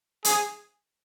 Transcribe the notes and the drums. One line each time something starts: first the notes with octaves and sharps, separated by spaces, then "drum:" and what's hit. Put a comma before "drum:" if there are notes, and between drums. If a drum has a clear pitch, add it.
G#4, drum: hi-hat